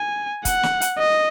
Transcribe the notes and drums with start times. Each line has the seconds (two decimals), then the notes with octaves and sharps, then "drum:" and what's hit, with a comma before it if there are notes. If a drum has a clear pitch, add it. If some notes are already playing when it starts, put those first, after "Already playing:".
Already playing: G#5
0.45 F#5, drum: kick, hi-hat
0.63 drum: snare
0.81 drum: hi-hat
0.99 D#5